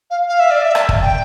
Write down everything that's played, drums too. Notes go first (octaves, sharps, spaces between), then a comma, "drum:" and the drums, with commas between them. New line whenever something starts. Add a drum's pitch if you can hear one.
F5
F5
E5
D5
E5
drum: rim click
drum: kick
G5